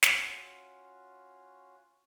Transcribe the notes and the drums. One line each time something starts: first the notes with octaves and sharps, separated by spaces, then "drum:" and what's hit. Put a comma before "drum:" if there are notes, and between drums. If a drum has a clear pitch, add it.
C#4 F4 F#4, drum: snare